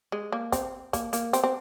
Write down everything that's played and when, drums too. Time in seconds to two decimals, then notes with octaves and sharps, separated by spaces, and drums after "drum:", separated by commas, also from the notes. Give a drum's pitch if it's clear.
0.12 G#3
0.32 A#3
0.52 C4, drum: kick, hi-hat
0.93 A#3, drum: kick, hi-hat
1.13 A#3, drum: hi-hat
1.33 C4, drum: hi-hat
1.44 C4